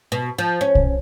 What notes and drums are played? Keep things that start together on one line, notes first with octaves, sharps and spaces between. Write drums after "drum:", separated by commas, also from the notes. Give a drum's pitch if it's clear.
B2
F3
C#4
drum: kick